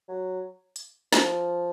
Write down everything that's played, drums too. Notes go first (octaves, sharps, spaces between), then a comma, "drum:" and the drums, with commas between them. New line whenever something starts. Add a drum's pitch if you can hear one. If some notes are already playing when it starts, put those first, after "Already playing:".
F#3
drum: hi-hat
F3, drum: snare